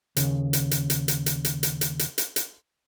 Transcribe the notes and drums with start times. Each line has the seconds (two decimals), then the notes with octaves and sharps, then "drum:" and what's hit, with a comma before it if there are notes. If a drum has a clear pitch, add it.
0.17 D#2 C#3, drum: hi-hat
0.53 drum: hi-hat
0.71 drum: hi-hat
0.90 drum: hi-hat
1.08 drum: hi-hat
1.26 drum: hi-hat
1.45 drum: hi-hat
1.63 drum: hi-hat
1.81 drum: hi-hat
1.99 drum: hi-hat
2.18 drum: hi-hat
2.36 drum: hi-hat